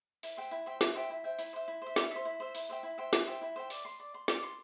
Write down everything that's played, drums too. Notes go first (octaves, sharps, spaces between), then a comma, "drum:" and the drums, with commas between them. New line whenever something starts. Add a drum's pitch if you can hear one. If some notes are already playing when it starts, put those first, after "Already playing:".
E4, drum: open hi-hat
C5 E5 G5
E4
C5 E5 G5
E4, drum: snare
C5 E5 G5
E4
C5 E5 G5
E4, drum: open hi-hat
C5 E5
E4
C5 E5
E4, drum: snare
C5 E5
E4
C5 E5
E4, drum: open hi-hat
C5 E5 G5
E4
C5 E5 G5
E4, drum: snare
C5 E5 G5
E4
C5 E5 G5
D5, drum: open hi-hat
C6
D5
C6
D5, drum: snare
C6